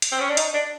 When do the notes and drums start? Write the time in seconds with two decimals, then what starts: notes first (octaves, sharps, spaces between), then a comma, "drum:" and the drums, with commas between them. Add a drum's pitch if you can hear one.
0.02 drum: hi-hat
0.12 C4
0.20 C#4
0.29 D4
0.37 D#4, drum: hi-hat
0.54 D4